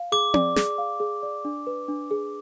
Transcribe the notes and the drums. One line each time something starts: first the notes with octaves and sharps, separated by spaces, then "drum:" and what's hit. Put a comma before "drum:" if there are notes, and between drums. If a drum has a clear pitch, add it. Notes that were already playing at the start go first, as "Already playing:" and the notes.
Already playing: F5
G#4 D6
D5, drum: tom C4
G#4, drum: snare
F5
G#4
D5
D4
B4
D4
G#4